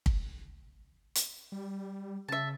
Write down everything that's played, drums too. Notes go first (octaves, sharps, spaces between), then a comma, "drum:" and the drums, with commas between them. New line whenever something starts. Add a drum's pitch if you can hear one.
drum: kick
drum: hi-hat
G3
C#3 E5 A5